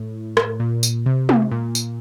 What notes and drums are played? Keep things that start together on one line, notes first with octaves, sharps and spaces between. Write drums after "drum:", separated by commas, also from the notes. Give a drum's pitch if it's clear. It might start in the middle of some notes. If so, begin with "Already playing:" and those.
Already playing: A2
drum: rim click
A#2
drum: tambourine
C3
drum: tom
A#2
drum: tambourine